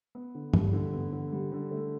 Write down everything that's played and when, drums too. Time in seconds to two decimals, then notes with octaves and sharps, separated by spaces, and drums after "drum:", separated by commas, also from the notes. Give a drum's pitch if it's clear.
0.15 B3
0.35 D3
0.54 G3, drum: tom G2
0.73 D3
0.93 B3
1.13 D3
1.32 G3
1.52 D3
1.71 A3